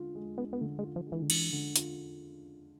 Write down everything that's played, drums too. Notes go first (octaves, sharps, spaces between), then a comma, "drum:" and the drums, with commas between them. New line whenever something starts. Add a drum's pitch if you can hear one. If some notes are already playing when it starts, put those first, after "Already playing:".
Already playing: D3 G#3 F4
G#3
B3 D4
B3
D3 A3
G#3
F4
F3
G#3
E3
D3
E3 D4, drum: cymbal
D3
F4, drum: hi-hat